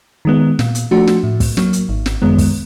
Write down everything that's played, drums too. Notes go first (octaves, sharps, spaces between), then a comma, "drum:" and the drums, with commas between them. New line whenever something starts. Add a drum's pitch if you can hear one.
D#3 G#3 B3
A#2, drum: snare
drum: hi-hat
F3 A3 D4 F#4
drum: snare
A2
drum: kick, open hi-hat
F#3 A#3, drum: snare
drum: hi-hat
G#1
drum: snare
F#2 D#3 G#3 B3
drum: kick, open hi-hat